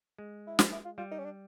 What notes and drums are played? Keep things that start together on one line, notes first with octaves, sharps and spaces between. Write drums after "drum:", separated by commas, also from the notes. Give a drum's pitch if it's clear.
G#3
E4
D#4, drum: snare
E4
F4
G3 F4
D#4
C#4
D4